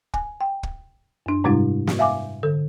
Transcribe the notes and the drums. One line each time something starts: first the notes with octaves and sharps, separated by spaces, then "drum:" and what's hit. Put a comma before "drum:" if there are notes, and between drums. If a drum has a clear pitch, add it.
G#5, drum: kick
G5
drum: kick
F#2 D4
G#2 C3 G3 G#3 D4 E4
drum: snare
E5 F5 G#5 D6
D3 A4